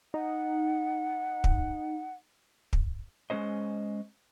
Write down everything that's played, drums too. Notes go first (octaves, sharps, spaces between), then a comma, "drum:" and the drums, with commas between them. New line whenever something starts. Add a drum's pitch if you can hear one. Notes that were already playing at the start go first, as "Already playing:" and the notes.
D#4 F#5
drum: kick
drum: kick
G#3 A3 C#4 C5 D#5